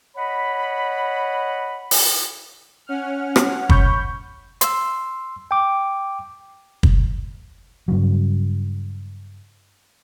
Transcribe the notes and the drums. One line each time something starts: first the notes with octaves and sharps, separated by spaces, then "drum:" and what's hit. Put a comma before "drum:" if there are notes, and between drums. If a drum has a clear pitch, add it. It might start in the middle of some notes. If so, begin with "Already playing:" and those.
C#5 D#5 F#5 B5
drum: open hi-hat
C#4 F#5 F6
drum: rim click
B5 C#6 G6, drum: kick
C6 E6, drum: hi-hat
G5 D6
drum: kick
G2 C#3 F#3